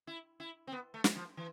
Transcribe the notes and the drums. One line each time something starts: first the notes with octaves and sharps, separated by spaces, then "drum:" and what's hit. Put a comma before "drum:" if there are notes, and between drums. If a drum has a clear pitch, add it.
E4
E4
C4
B3
A3
drum: snare
F3
E3